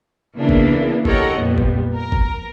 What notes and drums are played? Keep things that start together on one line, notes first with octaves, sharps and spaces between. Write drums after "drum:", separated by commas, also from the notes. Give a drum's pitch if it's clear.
C#3 E3 A#3 B3 D4
drum: kick
G4 A4 A#4 C#5 D#5 F#5, drum: kick
F2 A#2 G3 B3
drum: kick
A#4
drum: kick